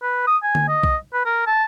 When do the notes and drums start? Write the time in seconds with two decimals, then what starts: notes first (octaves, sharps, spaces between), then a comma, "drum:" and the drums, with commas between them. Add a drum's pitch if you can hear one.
0.03 B4
0.27 D#6
0.43 G#5
0.55 drum: tom D3
0.68 D#5
0.83 drum: kick B1
1.13 B4
1.25 A#4
1.47 A5